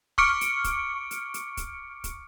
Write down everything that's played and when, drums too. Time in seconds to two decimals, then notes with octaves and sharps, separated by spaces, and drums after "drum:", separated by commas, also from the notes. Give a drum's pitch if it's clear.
0.18 C#6 D6 F6 C#7 D7, drum: kick
0.41 drum: hi-hat
0.64 drum: kick, hi-hat
1.11 drum: hi-hat
1.34 drum: hi-hat
1.57 drum: kick, hi-hat
2.04 drum: kick, hi-hat